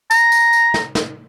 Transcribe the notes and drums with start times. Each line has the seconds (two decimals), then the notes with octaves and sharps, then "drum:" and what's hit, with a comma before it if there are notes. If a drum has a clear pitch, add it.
0.11 A#5, drum: tambourine
0.32 drum: tambourine
0.53 drum: tambourine
0.74 drum: snare
0.95 drum: snare